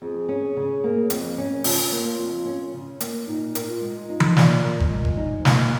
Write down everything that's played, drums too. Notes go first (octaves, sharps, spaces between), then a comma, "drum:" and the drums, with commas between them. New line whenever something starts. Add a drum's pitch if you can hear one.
F2 G#4
C#4
C#3
A#3
F2, drum: hi-hat
C#4
C#3 F4, drum: open hi-hat
A#3
F2
C#4
C#3
A#3, drum: hi-hat
A#2 D#4
A#4, drum: hi-hat
F4
G#3
D#4 F4
drum: tom E3
A#2, drum: snare
A#4
drum: kick G1
G#3
drum: kick G1
D#4
F3
A#2 G#3, drum: snare
A#3